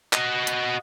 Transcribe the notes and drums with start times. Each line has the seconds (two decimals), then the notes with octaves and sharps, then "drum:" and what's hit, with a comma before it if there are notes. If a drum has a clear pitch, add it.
0.13 F#4 D#5, drum: clap
0.47 drum: hi-hat